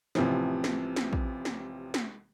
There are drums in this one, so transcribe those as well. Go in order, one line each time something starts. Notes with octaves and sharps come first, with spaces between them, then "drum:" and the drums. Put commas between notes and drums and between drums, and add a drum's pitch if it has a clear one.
A1 C3 E3 F3, drum: snare
drum: snare
drum: snare
drum: kick
drum: snare
drum: snare